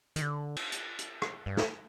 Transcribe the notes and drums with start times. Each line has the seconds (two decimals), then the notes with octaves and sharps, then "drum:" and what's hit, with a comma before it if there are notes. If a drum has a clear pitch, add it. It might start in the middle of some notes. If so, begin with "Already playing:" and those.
0.16 D#3, drum: hi-hat
0.22 D3
0.57 drum: cymbal
0.72 drum: hi-hat
0.99 drum: hi-hat
1.22 drum: rim click
1.46 G2
1.57 A2, drum: snare